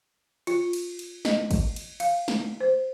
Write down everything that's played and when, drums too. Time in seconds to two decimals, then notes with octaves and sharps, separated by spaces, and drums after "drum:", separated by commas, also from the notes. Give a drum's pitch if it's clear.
0.47 F4, drum: cymbal
0.73 drum: cymbal
0.99 drum: cymbal
1.25 D#5, drum: snare
1.51 drum: kick, cymbal
1.76 drum: cymbal
2.00 F5, drum: cymbal
2.28 drum: snare
2.60 C5